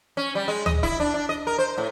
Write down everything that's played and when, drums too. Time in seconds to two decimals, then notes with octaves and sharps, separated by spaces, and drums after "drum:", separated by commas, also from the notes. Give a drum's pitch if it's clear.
0.17 C#4
0.35 G3
0.48 G#3
0.66 D#5, drum: tom D2
0.83 E4, drum: kick
1.00 D4
1.14 D4
1.29 D#5
1.47 A#4
1.58 C5
1.78 A2